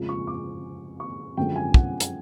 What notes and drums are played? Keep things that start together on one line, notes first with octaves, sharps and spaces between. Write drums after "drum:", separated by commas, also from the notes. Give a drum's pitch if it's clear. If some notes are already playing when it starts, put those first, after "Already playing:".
Already playing: F2 C#3 F3 G#3
C#6
D6
C#6
F#2 D3 F3 G#3 G5
G#5
F#5, drum: kick
drum: hi-hat